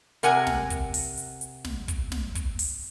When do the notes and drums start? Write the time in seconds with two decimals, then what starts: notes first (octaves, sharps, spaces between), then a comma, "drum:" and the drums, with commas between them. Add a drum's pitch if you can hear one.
0.23 C3 A#4 F#5 G#5, drum: hi-hat
0.47 drum: snare
0.70 drum: kick, hi-hat
0.94 drum: open hi-hat
1.17 drum: hi-hat
1.41 drum: hi-hat
1.65 drum: snare
1.88 drum: kick, hi-hat
2.12 drum: snare
2.35 drum: kick, hi-hat
2.59 drum: open hi-hat